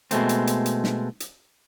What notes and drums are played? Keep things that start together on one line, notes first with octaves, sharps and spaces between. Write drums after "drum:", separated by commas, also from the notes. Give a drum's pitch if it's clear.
B2 G#3 A3 C4, drum: hi-hat
drum: hi-hat
drum: hi-hat
drum: hi-hat
drum: snare
drum: hi-hat